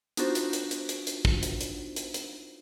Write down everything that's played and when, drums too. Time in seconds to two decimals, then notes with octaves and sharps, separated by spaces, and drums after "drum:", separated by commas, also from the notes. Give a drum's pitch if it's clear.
0.17 B3 D4 D#4 F4 F#4 C5, drum: hi-hat
0.35 drum: hi-hat
0.53 drum: hi-hat
0.71 drum: hi-hat
0.89 drum: hi-hat
1.07 drum: hi-hat
1.25 drum: kick
1.43 drum: hi-hat
1.61 drum: hi-hat
1.96 drum: hi-hat
2.14 drum: hi-hat